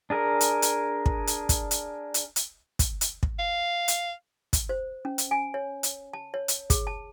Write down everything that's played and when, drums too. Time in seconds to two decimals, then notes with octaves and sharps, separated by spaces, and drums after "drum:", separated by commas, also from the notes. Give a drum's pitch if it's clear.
0.10 D4 G#4 A#4
0.41 drum: hi-hat
0.62 drum: hi-hat
1.06 drum: kick
1.27 drum: hi-hat
1.49 drum: kick, hi-hat
1.71 drum: hi-hat
2.14 drum: hi-hat
2.36 drum: hi-hat
2.79 drum: kick, hi-hat
3.01 drum: hi-hat
3.23 drum: kick
3.39 F5
3.88 drum: hi-hat
4.53 drum: kick, hi-hat
4.69 C5
5.05 C#4
5.18 drum: hi-hat
5.31 G#5
5.54 C#5
5.83 drum: hi-hat
6.13 A5
6.34 C#5
6.48 drum: hi-hat
6.70 G#4, drum: kick, hi-hat
6.87 A5